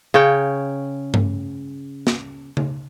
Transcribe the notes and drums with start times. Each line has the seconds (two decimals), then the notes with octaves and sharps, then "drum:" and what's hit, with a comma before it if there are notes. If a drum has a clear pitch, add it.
0.14 C#3 C#5 G5
1.14 drum: tom G2
2.07 drum: snare
2.57 drum: tom C#3